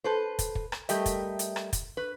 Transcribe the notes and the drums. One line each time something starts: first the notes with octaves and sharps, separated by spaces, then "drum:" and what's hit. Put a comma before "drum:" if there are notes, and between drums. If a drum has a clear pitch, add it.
A4 B4 C5
drum: kick, hi-hat
drum: kick
drum: rim click
G3 A3 G4 A#4 D#5 E5, drum: hi-hat
drum: kick, hi-hat
drum: hi-hat
drum: rim click
drum: kick, hi-hat
B4